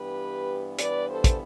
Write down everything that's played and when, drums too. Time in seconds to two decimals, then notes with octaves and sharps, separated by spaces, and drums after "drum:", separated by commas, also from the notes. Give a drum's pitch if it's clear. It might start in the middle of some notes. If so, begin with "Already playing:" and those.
Already playing: G2 E3 B3 G4 B4
0.78 B4 D5, drum: hi-hat
1.09 A4 C5
1.24 drum: kick, hi-hat